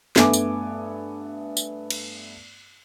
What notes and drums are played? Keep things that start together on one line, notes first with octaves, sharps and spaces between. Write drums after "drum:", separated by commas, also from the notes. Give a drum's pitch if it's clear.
G2 A3 B3 G#5 D6, drum: snare
drum: tambourine
drum: tambourine
drum: cymbal